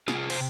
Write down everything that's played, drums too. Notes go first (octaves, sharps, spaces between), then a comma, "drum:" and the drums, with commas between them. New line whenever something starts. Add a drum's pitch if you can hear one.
C3 F4 G#4, drum: snare
C5, drum: cymbal